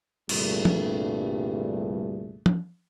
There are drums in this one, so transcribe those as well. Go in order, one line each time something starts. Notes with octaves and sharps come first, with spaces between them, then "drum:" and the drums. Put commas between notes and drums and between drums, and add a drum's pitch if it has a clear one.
C2 G2 A#2 D3 A3 G#4, drum: cymbal
drum: tom F3
drum: tom F3